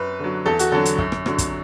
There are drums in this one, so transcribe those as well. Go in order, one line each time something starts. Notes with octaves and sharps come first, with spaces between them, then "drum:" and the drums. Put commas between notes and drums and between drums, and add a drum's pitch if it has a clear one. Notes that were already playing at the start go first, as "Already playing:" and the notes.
Already playing: F#2 B4
D3 F#3
E2 A4
F#4, drum: hi-hat
D3 F#3 A4
drum: hi-hat
F#2, drum: kick
drum: rim click
D3 F#3, drum: rim click
drum: kick, hi-hat